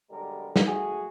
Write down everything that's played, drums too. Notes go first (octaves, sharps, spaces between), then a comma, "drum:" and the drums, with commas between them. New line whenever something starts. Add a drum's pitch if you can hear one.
B1 D3 G3 G#3 A#4
drum: snare
A3 F#4 G#4